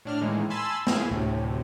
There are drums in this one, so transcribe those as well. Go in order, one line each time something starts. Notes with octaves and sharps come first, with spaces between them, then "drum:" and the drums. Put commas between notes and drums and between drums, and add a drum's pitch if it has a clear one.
A2 D4 F6
A2 D#3 E3 G#3 A#3
G#5 A5 B5 C6 E6 A6
E4 G#4 F5, drum: snare
D2 A2 C3